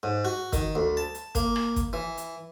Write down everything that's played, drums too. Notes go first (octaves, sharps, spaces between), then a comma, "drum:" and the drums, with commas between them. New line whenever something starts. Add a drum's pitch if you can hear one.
G#2
F#4
D#3, drum: kick, hi-hat
D2
A5
drum: hi-hat
A#3, drum: kick, hi-hat
drum: rim click
drum: kick, hi-hat
E3
drum: hi-hat